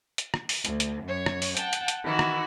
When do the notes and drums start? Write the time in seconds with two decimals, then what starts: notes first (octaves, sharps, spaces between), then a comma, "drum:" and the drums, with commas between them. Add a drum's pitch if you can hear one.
0.18 drum: hi-hat
0.34 drum: rim click
0.49 drum: open hi-hat
0.65 D2, drum: hi-hat
0.80 drum: hi-hat
1.04 F#2 C#5
1.26 drum: rim click
1.42 drum: open hi-hat
1.57 F#5 G5 A5, drum: hi-hat
1.73 drum: hi-hat
1.88 drum: hi-hat
2.04 D#3 E3 E4 F#4
2.19 drum: rim click